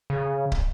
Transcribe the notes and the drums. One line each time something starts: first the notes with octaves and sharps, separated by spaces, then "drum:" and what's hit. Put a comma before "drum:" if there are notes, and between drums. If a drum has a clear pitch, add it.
C#3
drum: kick